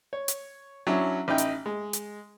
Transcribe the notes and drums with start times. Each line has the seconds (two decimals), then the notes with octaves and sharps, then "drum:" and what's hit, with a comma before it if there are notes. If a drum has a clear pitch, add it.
0.13 C#5
0.28 drum: hi-hat
0.87 F#3 C#4 D4 E4
1.28 A1 D#4 E4 G5
1.38 drum: hi-hat
1.66 G#3
1.93 drum: hi-hat